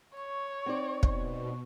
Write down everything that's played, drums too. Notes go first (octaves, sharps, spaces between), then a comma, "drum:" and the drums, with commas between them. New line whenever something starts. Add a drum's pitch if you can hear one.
C#5 C#6
C4 D#4 D5
B2, drum: kick